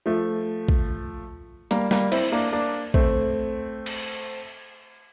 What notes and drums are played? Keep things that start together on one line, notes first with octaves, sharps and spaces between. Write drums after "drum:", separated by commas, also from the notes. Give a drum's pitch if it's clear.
F3 A3
drum: kick
G3 A#3, drum: hi-hat
G3 A#3, drum: snare
C4 E4, drum: cymbal
A#3 D4
A#3 D4
A3 C4, drum: kick
drum: cymbal